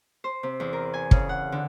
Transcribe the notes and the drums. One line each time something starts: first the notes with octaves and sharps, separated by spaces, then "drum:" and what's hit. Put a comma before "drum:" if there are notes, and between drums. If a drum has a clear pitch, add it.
C5
C3
E2
A#4
G#5
C#3, drum: kick
F#5
D3